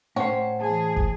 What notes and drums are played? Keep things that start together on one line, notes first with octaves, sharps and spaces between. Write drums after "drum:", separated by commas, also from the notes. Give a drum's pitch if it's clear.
A2 C#4 C5 C#5 F#5 G5
E3 E4 G#4 A5
drum: kick